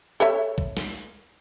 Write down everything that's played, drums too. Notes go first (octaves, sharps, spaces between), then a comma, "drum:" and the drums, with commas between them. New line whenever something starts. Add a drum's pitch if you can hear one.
A4 C#5 E5
drum: kick
drum: snare